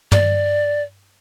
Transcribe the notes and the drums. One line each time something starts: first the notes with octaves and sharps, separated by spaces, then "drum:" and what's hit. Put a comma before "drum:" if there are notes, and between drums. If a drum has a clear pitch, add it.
D5, drum: tom